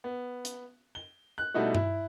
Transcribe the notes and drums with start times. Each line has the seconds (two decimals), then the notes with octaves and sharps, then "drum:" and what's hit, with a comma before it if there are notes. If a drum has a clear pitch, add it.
0.04 B3
0.45 drum: hi-hat
0.95 G7
1.38 F#6
1.54 B2 G3 A3 D#4 E4 F#4
1.75 E4, drum: tom G2